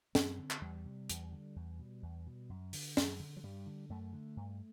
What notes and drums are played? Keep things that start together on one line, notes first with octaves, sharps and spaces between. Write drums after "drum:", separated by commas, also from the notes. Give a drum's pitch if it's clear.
F#2 C4, drum: snare
D3
drum: clap
E2 G3
C3
E2, drum: hi-hat
D3
E2
B2
E2
B2
F#2
D3, drum: open hi-hat
F#2, drum: snare
D3
F#3
G2 G3
D3
F#2 A3
D3
G2